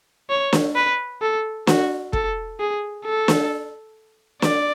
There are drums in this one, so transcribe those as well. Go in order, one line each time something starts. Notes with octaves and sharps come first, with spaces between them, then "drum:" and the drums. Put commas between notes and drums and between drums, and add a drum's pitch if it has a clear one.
C#5
drum: snare
B4
A4
F#4, drum: snare
A4, drum: kick
G#4
A4
drum: snare
D5, drum: snare